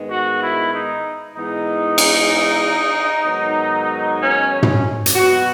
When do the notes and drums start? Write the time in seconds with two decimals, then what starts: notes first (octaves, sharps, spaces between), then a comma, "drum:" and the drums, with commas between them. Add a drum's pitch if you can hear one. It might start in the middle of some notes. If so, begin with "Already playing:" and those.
Already playing: G#2 D#3 G#3 B3
0.10 F#4
0.42 E4
0.73 D#4
1.36 G#2 E3 G#3 B3 D#4
1.98 drum: cymbal
3.26 G#2 D#3 F#3 B3
4.21 C#4
4.52 C#4
4.63 drum: tom
5.06 drum: hi-hat
5.15 B2 F#3 B3 F#4